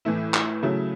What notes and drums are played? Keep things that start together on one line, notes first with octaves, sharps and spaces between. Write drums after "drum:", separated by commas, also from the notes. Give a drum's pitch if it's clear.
A2 E3 A3 E4
drum: clap
C#3 F#3 A3 E4